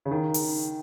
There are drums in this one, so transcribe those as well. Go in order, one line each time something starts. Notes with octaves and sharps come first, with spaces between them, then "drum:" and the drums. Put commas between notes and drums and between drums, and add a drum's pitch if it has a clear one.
C#3
D#3
drum: open hi-hat